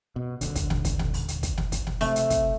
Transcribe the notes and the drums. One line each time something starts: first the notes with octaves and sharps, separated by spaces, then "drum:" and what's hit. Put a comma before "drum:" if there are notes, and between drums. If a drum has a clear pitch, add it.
B2
D#1 A#1 D3, drum: hi-hat
drum: kick, hi-hat
drum: snare
drum: kick, hi-hat
drum: snare
drum: open hi-hat
drum: hi-hat
drum: kick, hi-hat
drum: snare
drum: kick, hi-hat
drum: snare
C3 A3, drum: open hi-hat
drum: hi-hat
drum: kick, hi-hat